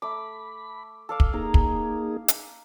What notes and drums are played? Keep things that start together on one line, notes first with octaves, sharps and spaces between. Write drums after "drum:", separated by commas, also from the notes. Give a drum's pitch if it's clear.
A3 B5 D6
A4 F5 D6
drum: kick
A#3 D#4 G#4 F5 A#5
drum: kick
drum: hi-hat